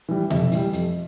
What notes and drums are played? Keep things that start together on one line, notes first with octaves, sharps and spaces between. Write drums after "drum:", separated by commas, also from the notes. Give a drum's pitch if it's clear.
E3 G3
F2 E5, drum: tom B2
E3 G3, drum: hi-hat
F2, drum: hi-hat